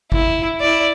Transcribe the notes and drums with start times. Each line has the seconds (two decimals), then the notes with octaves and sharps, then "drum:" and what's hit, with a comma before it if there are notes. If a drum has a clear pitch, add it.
0.12 E4, drum: kick
0.61 E4 D5